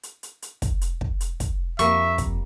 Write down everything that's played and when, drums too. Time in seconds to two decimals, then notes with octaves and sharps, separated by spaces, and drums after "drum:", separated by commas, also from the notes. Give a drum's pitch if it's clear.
0.03 drum: hi-hat
0.23 drum: hi-hat
0.42 drum: hi-hat
0.62 drum: kick, hi-hat
0.81 drum: hi-hat
1.01 drum: kick
1.21 drum: hi-hat
1.40 drum: kick, hi-hat
1.79 F2 G3 A#3 E5 C#6, drum: hi-hat
2.18 drum: kick, hi-hat